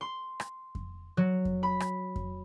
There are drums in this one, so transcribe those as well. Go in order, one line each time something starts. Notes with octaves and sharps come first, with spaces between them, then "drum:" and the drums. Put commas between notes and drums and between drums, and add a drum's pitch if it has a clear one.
C6
drum: rim click
drum: kick F2
F#3
drum: kick F2
B5
drum: rim click
drum: kick F2